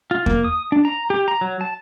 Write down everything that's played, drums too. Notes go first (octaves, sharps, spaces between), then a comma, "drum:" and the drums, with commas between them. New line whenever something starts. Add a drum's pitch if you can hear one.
F4
A#3, drum: kick E2
D#6
D4
A#5
G4
A#5
F#3
A5